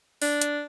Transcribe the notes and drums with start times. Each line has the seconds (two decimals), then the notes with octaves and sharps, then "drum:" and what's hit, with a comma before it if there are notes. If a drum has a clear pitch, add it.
0.22 D4, drum: open hi-hat
0.42 drum: hi-hat